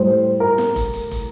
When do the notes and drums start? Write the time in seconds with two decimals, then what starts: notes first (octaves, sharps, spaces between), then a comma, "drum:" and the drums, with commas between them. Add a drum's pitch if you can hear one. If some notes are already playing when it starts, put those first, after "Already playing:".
Already playing: A2 G3 C5
0.40 A#4
0.58 drum: snare
0.76 drum: kick, hi-hat
0.94 drum: hi-hat
1.11 drum: kick, hi-hat